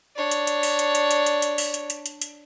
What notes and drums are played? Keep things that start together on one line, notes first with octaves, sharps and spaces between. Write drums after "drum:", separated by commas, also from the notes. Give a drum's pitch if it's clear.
D4 C#5
drum: hi-hat
drum: hi-hat
drum: open hi-hat
drum: hi-hat
drum: hi-hat
drum: hi-hat
drum: hi-hat
drum: hi-hat
drum: open hi-hat
drum: hi-hat
drum: hi-hat
drum: hi-hat
drum: hi-hat